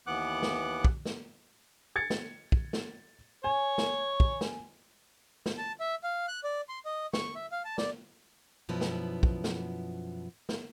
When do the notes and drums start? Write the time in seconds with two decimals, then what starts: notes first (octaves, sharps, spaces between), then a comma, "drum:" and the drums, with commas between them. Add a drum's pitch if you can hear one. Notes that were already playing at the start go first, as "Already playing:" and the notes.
0.07 D#2 E3 B3 F#5 D6 F#6
0.43 drum: snare
0.85 drum: kick
1.05 drum: snare
1.96 G#6 A6 C#7
2.10 drum: snare
2.52 drum: kick
2.73 drum: snare
3.44 C#5 G#5
3.78 drum: snare
4.20 drum: kick
4.41 drum: snare
5.46 drum: snare
5.58 A5
5.80 E5
6.03 F5
6.28 F#6
6.44 D5
6.69 C6
6.85 D#5
7.13 C#6, drum: snare
7.35 E5
7.52 F5
7.65 A5
7.78 D5, drum: snare
8.69 F#2 B2 F3 B3 E4
8.81 drum: snare
9.23 drum: kick
9.44 drum: snare
10.49 drum: snare